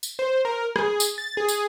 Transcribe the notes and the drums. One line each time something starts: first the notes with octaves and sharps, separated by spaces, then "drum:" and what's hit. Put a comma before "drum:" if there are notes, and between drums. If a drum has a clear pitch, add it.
drum: tambourine
C5
A#4
G#4, drum: rim click
drum: tambourine
A6
G#4
drum: tambourine